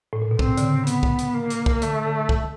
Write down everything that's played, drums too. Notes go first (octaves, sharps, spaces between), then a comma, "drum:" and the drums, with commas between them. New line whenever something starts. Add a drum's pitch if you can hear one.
A2
A#2
B2
C3 C4, drum: kick
D3, drum: hi-hat
C#3
B3, drum: hi-hat
drum: kick
drum: hi-hat
A#3
drum: hi-hat
drum: kick
D3 A3, drum: hi-hat
D3
D3
D#3, drum: kick